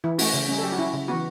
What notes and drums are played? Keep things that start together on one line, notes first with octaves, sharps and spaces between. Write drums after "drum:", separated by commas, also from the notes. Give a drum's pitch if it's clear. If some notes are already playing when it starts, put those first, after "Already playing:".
E3 E4
A3 C#4 F#4, drum: open hi-hat
C#3
G3 C#4
A4
F#3 G4
F#4
C#4 E4
C#3
E3 B3 F#4